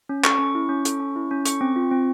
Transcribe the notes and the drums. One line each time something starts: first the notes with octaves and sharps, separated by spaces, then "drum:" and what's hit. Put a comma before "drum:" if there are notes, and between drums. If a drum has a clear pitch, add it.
C#4
A4 C#6, drum: clap
C#4
E4
C#4
A4, drum: hi-hat
C#4
E4
C#4
A4 C#6, drum: hi-hat
C4
F4
C4